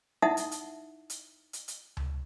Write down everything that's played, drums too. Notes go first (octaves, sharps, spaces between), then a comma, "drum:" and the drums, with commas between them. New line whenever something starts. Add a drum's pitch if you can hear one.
D#4 E4 E5 F#5 A5 D#6
drum: hi-hat
drum: hi-hat
drum: hi-hat
drum: hi-hat
drum: hi-hat
drum: tom C#2